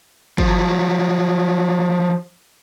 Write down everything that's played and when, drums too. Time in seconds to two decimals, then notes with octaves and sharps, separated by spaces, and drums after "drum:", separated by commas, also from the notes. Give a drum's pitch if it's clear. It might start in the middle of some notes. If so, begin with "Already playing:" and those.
0.38 F3 F#3, drum: kick G1